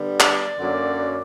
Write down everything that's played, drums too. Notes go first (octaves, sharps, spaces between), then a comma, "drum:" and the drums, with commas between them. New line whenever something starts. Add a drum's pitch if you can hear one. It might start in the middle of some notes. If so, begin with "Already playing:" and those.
Already playing: D3 G3 B3
D5, drum: clap
F#2 D3 F#3 A#3